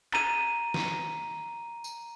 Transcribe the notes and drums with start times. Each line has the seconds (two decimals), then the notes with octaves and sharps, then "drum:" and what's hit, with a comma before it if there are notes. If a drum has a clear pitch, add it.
0.14 A#5 D#7, drum: clap
0.74 drum: snare
1.84 drum: tambourine